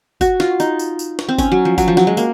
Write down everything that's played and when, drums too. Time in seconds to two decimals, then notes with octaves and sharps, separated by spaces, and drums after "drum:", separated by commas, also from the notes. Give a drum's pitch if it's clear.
0.21 F#4, drum: kick G1, tambourine
0.40 F4, drum: snare
0.60 D#4, drum: tambourine
0.79 drum: tambourine
0.99 drum: tambourine
1.19 drum: snare
1.29 C4
1.38 C#4, drum: kick G1, tambourine
1.52 F#3
1.65 F3
1.78 F#3, drum: kick G1, tambourine
1.88 F3
1.97 F#3, drum: snare
2.07 G#3
2.17 A#3, drum: tambourine